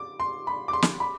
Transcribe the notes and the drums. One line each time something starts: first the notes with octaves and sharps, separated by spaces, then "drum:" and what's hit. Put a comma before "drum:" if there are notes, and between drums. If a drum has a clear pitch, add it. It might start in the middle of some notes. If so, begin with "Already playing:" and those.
Already playing: D6
C6
B5
D6
C6
drum: snare
B5